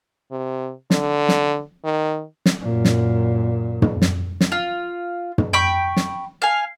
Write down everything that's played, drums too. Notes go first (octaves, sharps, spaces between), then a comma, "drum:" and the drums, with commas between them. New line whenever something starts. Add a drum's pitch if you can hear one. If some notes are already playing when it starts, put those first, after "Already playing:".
C3
D3, drum: snare
drum: snare
D#3
drum: snare
F#2 A#2
drum: snare
drum: tom
drum: snare
drum: snare
F4
drum: tom
G5 B5 C#6
drum: snare
F5 G#5